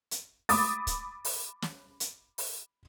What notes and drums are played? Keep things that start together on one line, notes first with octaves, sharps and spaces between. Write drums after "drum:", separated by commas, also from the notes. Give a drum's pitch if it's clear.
drum: hi-hat
B5 D6 D#6 A6, drum: open hi-hat
drum: kick, hi-hat
drum: open hi-hat
drum: snare
drum: hi-hat
drum: open hi-hat